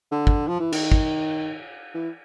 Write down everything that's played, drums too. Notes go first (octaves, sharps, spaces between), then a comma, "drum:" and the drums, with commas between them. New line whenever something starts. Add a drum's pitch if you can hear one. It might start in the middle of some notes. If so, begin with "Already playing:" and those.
D3
drum: kick
F3
E3
D#3, drum: cymbal
drum: kick
E3